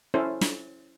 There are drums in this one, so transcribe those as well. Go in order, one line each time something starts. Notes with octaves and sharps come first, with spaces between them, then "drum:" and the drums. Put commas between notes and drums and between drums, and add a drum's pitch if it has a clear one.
C#4 E4 A4 C5
drum: snare